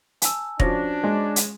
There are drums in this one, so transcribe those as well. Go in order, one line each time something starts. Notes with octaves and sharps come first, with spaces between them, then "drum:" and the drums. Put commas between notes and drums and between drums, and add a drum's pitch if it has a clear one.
G#5 A5 E6, drum: hi-hat
F3 C#4 D4 F#4 C5 A#6, drum: kick E1
G#3
drum: hi-hat